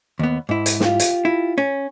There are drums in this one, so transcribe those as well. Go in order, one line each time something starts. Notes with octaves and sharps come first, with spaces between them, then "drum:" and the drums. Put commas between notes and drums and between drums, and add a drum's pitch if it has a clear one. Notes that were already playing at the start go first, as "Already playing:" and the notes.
D#2 B3
G#2 E4
drum: hi-hat
F4 G4, drum: snare
drum: hi-hat
E4
C#4